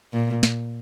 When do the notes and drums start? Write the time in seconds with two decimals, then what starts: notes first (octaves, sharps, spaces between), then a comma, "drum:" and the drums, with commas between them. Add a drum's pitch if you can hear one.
0.13 A#2
0.43 drum: snare